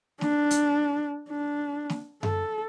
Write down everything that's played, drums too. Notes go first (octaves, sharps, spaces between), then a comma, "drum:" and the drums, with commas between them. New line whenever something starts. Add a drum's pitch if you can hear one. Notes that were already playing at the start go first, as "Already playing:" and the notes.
D4, drum: snare
drum: hi-hat
D4
drum: snare
A4, drum: tom F#2